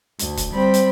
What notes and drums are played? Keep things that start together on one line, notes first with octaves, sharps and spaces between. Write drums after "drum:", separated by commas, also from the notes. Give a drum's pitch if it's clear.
D2, drum: hi-hat
drum: kick, hi-hat
G3 C4 B5
drum: hi-hat